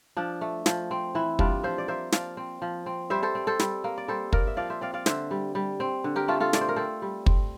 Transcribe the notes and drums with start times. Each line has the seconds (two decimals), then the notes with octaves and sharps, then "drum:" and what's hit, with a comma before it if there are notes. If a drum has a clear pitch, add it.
0.17 F3 D4
0.41 A3
0.66 F3, drum: snare
0.91 C4
1.15 E3 E4
1.39 G3 D4 F4, drum: kick
1.63 F3 C5 E5
1.78 D5
1.88 A#3 C5 E5
2.12 F3 D5 F5, drum: snare
2.37 C4
2.62 F3
2.86 C4
3.10 G3 C5 E5
3.23 A4 C5
3.35 C4
3.47 A4 C5
3.60 G3, drum: snare
3.84 A#3
3.98 D5
4.08 G3 A4 C5
4.33 A#3 A#4 D5, drum: kick
4.47 E5
4.57 F3 D5 F5
4.70 C5 E5
4.81 C4 D5 F5
4.94 D5 F5
5.06 D3 C5 E5, drum: snare
5.31 G3
5.55 G3
5.80 C4
6.04 D3
6.16 G4 A#4
6.28 A3 F4 A4
6.40 F4 A4
6.53 A3 D5, drum: snare
6.61 C5
6.69 A#4
6.76 C4 A4 C5
7.02 G3
7.26 C4, drum: kick